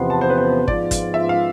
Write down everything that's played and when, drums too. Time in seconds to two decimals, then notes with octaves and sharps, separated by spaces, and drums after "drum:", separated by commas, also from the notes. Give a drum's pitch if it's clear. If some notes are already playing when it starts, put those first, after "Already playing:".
Already playing: E2 C3 F3 B3 C6
0.10 A5
0.21 C5
0.30 B4
0.38 C5
0.68 G#2 F3 G#3 B3 F4 D5, drum: kick
0.91 drum: kick, hi-hat
1.14 E5
1.29 F5